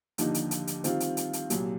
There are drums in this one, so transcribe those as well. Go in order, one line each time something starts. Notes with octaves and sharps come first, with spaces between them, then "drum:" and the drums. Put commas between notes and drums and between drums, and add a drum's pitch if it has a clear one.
D#2 D3 F3 A#3 D#4, drum: hi-hat
drum: hi-hat
drum: hi-hat
drum: hi-hat
D#3 G3 C4 F4, drum: hi-hat
drum: hi-hat
drum: hi-hat
drum: hi-hat
C2 A#2 F#3, drum: hi-hat